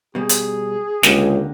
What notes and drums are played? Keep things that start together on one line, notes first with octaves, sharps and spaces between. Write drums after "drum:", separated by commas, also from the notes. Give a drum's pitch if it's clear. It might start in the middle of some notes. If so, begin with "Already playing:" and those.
B2 G3 G#4
drum: hi-hat
C#2 D3 A#3 G4, drum: snare